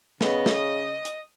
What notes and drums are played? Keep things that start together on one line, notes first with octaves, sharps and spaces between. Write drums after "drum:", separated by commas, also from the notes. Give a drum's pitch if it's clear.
C#3 B3 D#5, drum: snare
drum: snare
D#6
drum: hi-hat